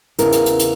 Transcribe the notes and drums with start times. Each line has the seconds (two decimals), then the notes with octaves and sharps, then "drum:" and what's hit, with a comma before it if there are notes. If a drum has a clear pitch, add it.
0.19 E2 C#3 E3 A#4, drum: hi-hat
0.32 drum: hi-hat
0.46 drum: hi-hat
0.59 drum: hi-hat